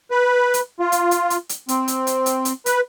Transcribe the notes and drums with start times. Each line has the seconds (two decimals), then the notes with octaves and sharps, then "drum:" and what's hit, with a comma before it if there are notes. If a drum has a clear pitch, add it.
0.11 B4
0.54 drum: hi-hat
0.80 F4
0.92 drum: hi-hat
1.11 drum: hi-hat
1.30 drum: hi-hat
1.49 drum: hi-hat
1.68 C4, drum: hi-hat
1.88 drum: hi-hat
2.07 drum: hi-hat
2.26 drum: hi-hat
2.45 drum: hi-hat
2.66 B4, drum: hi-hat